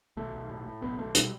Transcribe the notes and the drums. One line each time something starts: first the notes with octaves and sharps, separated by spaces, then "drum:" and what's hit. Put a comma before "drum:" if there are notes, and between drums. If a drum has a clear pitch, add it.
B1 A3
B1
A2
A2
B1 B3
B1 A3
B2 G3, drum: hi-hat